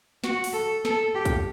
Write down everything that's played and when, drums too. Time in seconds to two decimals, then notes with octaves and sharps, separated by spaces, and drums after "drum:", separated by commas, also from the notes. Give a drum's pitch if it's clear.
0.24 F#4, drum: snare
0.44 drum: open hi-hat
0.54 A4
0.85 A4, drum: snare
1.15 G4
1.25 drum: kick, hi-hat